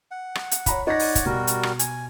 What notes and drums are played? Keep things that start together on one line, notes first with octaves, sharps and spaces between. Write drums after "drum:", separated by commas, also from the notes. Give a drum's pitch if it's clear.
F#5
drum: rim click
drum: hi-hat
C#5 A#5 B5, drum: kick, hi-hat
D#4 C#5 D5 F#5 A#6
drum: open hi-hat
drum: kick, hi-hat
B2 G3 F#4 A#4
drum: hi-hat
drum: rim click
G#5, drum: hi-hat